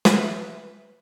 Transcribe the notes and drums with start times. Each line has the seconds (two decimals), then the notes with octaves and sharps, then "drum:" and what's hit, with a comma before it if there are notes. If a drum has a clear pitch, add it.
0.05 F4 B4 E5, drum: snare